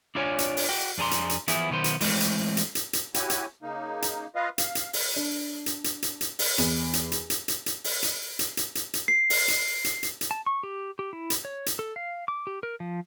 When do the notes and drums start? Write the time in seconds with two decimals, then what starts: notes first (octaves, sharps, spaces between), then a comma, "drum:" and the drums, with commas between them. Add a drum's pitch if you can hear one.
0.15 D4 E4 F4 C#5 D5 G#5
0.39 drum: hi-hat
0.57 drum: open hi-hat
0.69 F#4 G5
0.98 F2 D4 G#4 A#5 C6
1.11 drum: hi-hat
1.30 drum: hi-hat
1.48 E3 F3 B3 E4 G#4, drum: hi-hat
1.70 B1 D#3 B3 C5
1.84 drum: hi-hat
2.01 E3 G#3 A3 C4, drum: open hi-hat
2.20 drum: hi-hat
2.57 drum: hi-hat
2.75 drum: hi-hat
2.93 drum: hi-hat
3.14 E4 F#4 G4 C#5 G#5, drum: hi-hat
3.30 drum: hi-hat
3.63 C#3 A#3 D#4
4.02 drum: hi-hat
4.35 F4 B4 D#5 F5
4.58 F5, drum: hi-hat
4.75 drum: hi-hat
4.93 drum: open hi-hat
5.16 D4
5.66 drum: hi-hat
5.84 drum: hi-hat
6.02 drum: hi-hat
6.21 drum: hi-hat
6.39 drum: open hi-hat
6.58 E2, drum: hi-hat
6.93 drum: hi-hat
7.12 drum: hi-hat
7.30 drum: hi-hat
7.48 drum: hi-hat
7.66 drum: hi-hat
7.84 drum: open hi-hat
8.03 drum: hi-hat
8.39 drum: hi-hat
8.57 drum: hi-hat
8.75 drum: hi-hat
8.94 drum: hi-hat
9.08 C7
9.30 drum: open hi-hat
9.48 drum: hi-hat
9.84 drum: hi-hat
10.03 drum: hi-hat
10.21 drum: hi-hat
10.31 A5
10.46 C#6
10.63 G4
10.99 G4
11.13 E4
11.30 drum: hi-hat
11.45 C#5
11.66 drum: hi-hat
11.79 A4
11.96 F5
12.28 D6
12.47 G4
12.63 A#4
12.80 F3